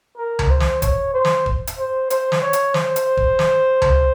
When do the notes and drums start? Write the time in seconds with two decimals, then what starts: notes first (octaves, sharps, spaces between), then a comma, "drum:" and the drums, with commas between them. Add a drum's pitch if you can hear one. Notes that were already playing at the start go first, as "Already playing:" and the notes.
0.17 A#4
0.39 drum: tom C#2
0.49 C5
0.60 drum: snare
0.82 C#5, drum: kick E1, hi-hat
1.14 C5
1.25 drum: snare
1.46 drum: kick E1
1.67 drum: hi-hat
1.78 C5
2.10 C5, drum: hi-hat
2.32 drum: snare
2.42 C#5
2.53 drum: hi-hat
2.74 C5, drum: snare
2.96 drum: hi-hat
3.17 drum: kick E1
3.39 drum: snare
3.82 drum: tom C#2